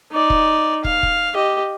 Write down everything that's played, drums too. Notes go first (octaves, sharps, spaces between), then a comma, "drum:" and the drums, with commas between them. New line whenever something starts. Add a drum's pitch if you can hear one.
D#4 D5
drum: kick
F5, drum: kick
drum: kick
G4 D#5